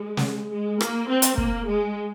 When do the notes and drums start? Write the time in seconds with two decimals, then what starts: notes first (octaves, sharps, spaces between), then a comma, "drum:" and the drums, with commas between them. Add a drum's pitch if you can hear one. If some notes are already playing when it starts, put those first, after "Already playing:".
Already playing: G#3
0.17 drum: snare
0.52 G#3
0.81 A#3, drum: rim click
1.09 C4
1.22 drum: hi-hat
1.38 A#3, drum: kick
1.67 G#3